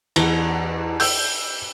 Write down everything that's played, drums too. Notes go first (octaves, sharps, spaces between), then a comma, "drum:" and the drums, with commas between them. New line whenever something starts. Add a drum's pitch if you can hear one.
E2, drum: cymbal
E6 G6, drum: open hi-hat